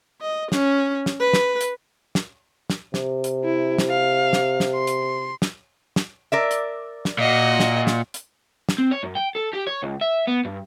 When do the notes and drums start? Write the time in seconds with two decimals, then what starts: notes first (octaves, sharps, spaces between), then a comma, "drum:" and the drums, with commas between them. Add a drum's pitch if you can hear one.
0.21 D#5
0.52 C#4, drum: snare
1.06 drum: snare
1.20 B4
1.33 drum: snare
1.61 drum: hi-hat
2.15 drum: snare
2.70 drum: snare
2.94 C3, drum: snare
3.24 drum: hi-hat
3.44 E4
3.78 drum: snare
3.90 F5
4.33 drum: snare
4.60 drum: snare
4.74 C6
4.87 drum: hi-hat
5.42 drum: snare
5.96 drum: snare
6.32 A#4 D5 E5
6.51 drum: hi-hat
7.05 drum: snare
7.19 A#2 F#4 D#5
7.60 drum: snare
7.87 drum: snare
8.14 drum: hi-hat
8.69 drum: snare
8.78 C4
8.92 C#5
9.04 F#2
9.17 G5
9.36 A4
9.54 G4
9.67 C#5
9.83 C#2
10.01 E5
10.28 B3
10.45 G2